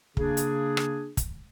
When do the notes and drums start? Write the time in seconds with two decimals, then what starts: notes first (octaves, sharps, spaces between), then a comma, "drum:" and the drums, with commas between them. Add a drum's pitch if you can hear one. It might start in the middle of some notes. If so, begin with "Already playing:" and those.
0.17 C#3 A#3 D4 G#4, drum: kick
0.37 drum: hi-hat
0.77 drum: rim click
1.17 drum: kick, hi-hat